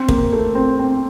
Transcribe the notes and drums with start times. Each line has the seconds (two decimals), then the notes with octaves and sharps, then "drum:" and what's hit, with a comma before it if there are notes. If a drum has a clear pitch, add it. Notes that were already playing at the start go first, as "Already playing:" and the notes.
Already playing: C4
0.08 A#3, drum: kick
0.32 A3
0.55 C4
0.79 C4